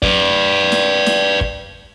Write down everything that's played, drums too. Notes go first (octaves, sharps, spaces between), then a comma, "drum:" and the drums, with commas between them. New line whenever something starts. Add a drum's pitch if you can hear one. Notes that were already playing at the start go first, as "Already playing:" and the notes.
B4 D5, drum: kick
drum: snare
drum: snare
drum: kick